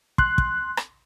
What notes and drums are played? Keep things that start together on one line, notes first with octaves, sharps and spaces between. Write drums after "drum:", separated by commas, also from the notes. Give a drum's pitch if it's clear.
C6 F#6, drum: kick
drum: kick
drum: rim click